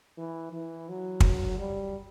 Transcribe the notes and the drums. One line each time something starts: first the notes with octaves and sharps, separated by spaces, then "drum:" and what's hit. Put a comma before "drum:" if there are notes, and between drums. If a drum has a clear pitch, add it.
E3
E3
F#3
drum: kick
G3